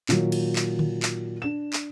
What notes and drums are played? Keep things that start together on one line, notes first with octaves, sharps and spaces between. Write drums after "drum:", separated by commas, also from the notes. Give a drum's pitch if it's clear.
A#2 D#3 F#3, drum: clap
drum: cymbal
drum: clap
drum: tom D3
drum: clap
D4 E7
drum: clap